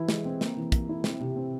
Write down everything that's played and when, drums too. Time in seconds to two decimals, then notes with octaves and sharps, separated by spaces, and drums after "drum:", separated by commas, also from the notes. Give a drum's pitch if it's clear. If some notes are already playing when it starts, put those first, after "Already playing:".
Already playing: E3 E4
0.09 G#3, drum: snare
0.25 C4
0.41 A#3, drum: snare
0.57 E3
0.72 A#3, drum: kick, hi-hat
0.89 E4
1.04 C4, drum: snare
1.20 C3
1.36 C4